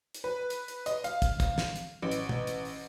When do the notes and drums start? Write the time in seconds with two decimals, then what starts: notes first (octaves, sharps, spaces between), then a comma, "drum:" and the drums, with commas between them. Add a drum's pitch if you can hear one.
0.14 drum: hi-hat
0.24 B4
0.50 drum: hi-hat
0.68 drum: hi-hat
0.86 D#5, drum: hi-hat
1.04 F5, drum: hi-hat
1.22 drum: kick, hi-hat
1.40 drum: kick, hi-hat
1.58 drum: snare
1.76 drum: hi-hat
2.02 A1
2.11 drum: hi-hat
2.29 drum: tom
2.47 drum: hi-hat
2.65 drum: open hi-hat